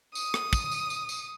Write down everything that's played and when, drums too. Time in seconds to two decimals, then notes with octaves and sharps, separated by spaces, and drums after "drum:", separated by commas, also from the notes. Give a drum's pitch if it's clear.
0.15 D#6, drum: tambourine
0.34 drum: rim click
0.53 drum: kick, tambourine
0.71 drum: tambourine
0.90 drum: tambourine
1.09 drum: tambourine